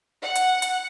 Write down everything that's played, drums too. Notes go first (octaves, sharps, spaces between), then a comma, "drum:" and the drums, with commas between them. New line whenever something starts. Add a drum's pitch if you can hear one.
F#5
drum: hi-hat
drum: hi-hat